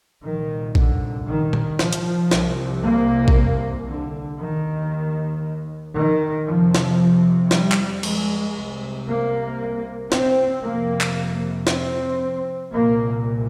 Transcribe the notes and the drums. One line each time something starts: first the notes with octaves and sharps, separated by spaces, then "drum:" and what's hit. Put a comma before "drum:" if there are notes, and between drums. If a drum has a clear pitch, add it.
C2 A#2 D#3
D3, drum: kick A#1
D#3
drum: tom A#2
F3, drum: snare
drum: hi-hat
C2 C3, drum: snare
A#3
drum: kick A#1
D3
D#2 D#3
D#3
F2 C3 F3
drum: snare
G3, drum: snare
drum: clap
G#3, drum: cymbal
C2 C3
A#3
C4, drum: snare
C3 A#3
F2
drum: clap
C4, drum: snare
C2 A#2 A#3